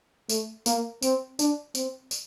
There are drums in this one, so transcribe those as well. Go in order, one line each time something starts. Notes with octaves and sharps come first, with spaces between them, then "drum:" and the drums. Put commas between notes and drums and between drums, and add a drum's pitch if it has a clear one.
A3, drum: tambourine
A#3, drum: tambourine
C4, drum: tambourine
D4, drum: tambourine
C4, drum: tambourine
drum: tambourine